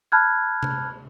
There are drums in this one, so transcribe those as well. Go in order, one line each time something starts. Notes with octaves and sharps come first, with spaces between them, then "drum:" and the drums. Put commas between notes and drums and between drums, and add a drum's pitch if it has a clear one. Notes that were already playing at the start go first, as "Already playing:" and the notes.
A5 B5 F6 F#6 G#6
drum: tom C3